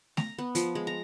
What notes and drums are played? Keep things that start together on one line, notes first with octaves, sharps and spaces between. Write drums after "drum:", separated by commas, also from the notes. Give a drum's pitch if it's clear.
A#5, drum: snare A3
B3
F3, drum: hi-hat
G#3
A#5